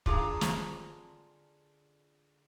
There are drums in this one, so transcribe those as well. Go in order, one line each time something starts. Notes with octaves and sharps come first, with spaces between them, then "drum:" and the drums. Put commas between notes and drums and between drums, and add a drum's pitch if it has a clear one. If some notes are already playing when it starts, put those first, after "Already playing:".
D3 F4 G#4 F5 A5 A#5, drum: kick
drum: snare